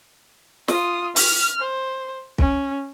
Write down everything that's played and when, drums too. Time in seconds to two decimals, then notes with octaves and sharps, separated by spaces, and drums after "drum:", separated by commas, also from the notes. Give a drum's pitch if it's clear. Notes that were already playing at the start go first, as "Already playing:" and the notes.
0.68 F4 D#6, drum: snare
1.16 F6, drum: open hi-hat
1.60 C5
2.38 C#4, drum: kick